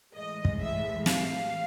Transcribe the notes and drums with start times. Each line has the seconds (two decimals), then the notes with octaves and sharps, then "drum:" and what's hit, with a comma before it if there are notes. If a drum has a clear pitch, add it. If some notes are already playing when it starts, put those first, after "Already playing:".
0.14 A2 E3 G#3 D#5
0.45 drum: kick
0.60 E5
1.06 F5, drum: snare